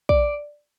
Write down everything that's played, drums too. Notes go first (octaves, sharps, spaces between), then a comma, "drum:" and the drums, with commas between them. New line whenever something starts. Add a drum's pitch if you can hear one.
D5, drum: kick